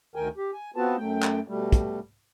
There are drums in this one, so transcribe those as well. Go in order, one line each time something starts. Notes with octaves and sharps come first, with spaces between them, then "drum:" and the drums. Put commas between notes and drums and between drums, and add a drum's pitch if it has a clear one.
D2 D#3 A#4 G5 G#5
G4
G#5
B3 C4 F4 F#4 B4 A5
F#2 A3 G5
drum: clap
B2 G3 A3
drum: kick, hi-hat